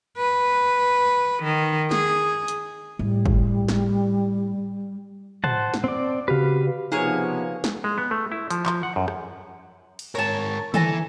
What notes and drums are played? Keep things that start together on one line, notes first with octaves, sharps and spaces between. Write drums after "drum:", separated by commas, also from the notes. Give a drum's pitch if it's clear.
B4
D#3
G#4, drum: snare
drum: hi-hat
A2 G3
drum: kick
drum: snare
C5 F#5 A5, drum: tom
drum: snare
C4 D5
C#3 F#4 G4 B4 F5
C3 F3 A#3 B3 D#4 G#4 C#5 A#5
drum: snare
G#3
B3
A3
E4
F3, drum: hi-hat
F3, drum: clap
F#5
F#2
drum: rim click
drum: cymbal
G#2 A#4 C#5 A5
E3 A4 G#5 A#5, drum: tom